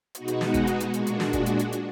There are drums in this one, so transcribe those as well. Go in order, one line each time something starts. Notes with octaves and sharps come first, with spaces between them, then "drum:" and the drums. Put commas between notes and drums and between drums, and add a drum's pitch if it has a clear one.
B2 G#3 B3 D#4 F#4, drum: hi-hat
drum: hi-hat
drum: snare
drum: kick, hi-hat
drum: hi-hat
drum: hi-hat
A#2 G#3 D4 F#4, drum: hi-hat
drum: hi-hat
drum: snare
drum: kick, hi-hat
drum: hi-hat
drum: hi-hat
drum: hi-hat